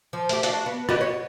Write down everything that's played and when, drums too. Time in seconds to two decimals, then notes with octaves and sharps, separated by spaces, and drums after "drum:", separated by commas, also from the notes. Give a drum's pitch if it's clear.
0.13 F3
0.29 A3 G4, drum: hi-hat
0.43 D4 F#4 F5, drum: hi-hat
0.66 B3
0.89 F#4 G4 D#5, drum: rim click
1.01 C#5